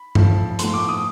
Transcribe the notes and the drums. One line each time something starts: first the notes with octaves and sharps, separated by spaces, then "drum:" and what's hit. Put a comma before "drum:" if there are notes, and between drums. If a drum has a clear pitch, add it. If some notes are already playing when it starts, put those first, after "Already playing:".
Already playing: B5
A2 F3 A3, drum: tom G2
A2 F3 A3 C6, drum: hi-hat
D6
D#6